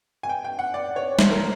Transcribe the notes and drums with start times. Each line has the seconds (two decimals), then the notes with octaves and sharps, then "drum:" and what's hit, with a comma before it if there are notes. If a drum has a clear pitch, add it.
0.23 G#5
0.29 G5
0.44 G5
0.59 F#5
0.74 D5
0.96 C#5
1.19 C5, drum: snare
1.31 A#4